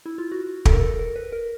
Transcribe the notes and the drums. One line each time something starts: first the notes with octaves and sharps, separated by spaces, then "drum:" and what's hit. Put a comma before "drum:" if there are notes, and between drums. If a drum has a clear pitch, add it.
E4
F4
F#4
A4, drum: kick
A#4
A4
A#4
B4
A#4